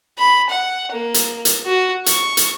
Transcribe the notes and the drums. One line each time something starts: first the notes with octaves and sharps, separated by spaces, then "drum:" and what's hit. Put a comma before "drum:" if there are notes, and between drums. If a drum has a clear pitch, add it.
B5
F#5
A#3
drum: hi-hat
drum: hi-hat
F#4
C#6, drum: hi-hat
drum: hi-hat